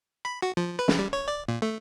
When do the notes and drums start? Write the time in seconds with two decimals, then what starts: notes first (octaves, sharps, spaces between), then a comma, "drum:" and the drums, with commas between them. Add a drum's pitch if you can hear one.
0.25 B5
0.42 F#4
0.57 F3
0.79 B4
0.88 drum: snare
0.99 G3
1.13 C#5
1.28 D5
1.48 A#2
1.62 A3